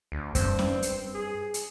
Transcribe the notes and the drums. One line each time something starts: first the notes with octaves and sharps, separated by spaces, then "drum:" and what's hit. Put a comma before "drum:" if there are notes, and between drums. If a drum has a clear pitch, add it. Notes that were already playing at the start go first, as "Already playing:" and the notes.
D2
G2 C4, drum: kick F#2, hi-hat
drum: snare C#4
drum: hi-hat
G#4
drum: hi-hat